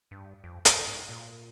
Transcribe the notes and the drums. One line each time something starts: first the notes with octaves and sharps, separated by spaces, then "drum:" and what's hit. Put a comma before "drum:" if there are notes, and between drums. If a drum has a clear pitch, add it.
G2
F2
G2, drum: hi-hat
G#2
A#2